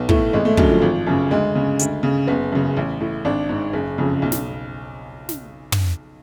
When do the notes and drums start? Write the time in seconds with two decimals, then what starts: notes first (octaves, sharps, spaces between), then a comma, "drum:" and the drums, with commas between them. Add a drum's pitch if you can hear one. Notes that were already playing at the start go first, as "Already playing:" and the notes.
Already playing: B1 B3
0.09 A2 A3, drum: kick
0.33 G#1 G#3
0.45 A3
0.57 F#2 D3 F#3, drum: kick
0.69 F3
0.82 G#1 F3
1.07 F#2 C#3
1.31 D2 G#3
1.56 C#3
1.79 D2, drum: hi-hat
2.03 C#3
2.27 F#1 B3
2.52 F#2 C#3
2.77 A1
3.00 A2
3.25 G#1 D4
3.49 G#2
3.73 F#1
3.98 F2 C#3
4.22 B1
4.32 drum: snare
5.29 drum: snare
5.72 drum: tom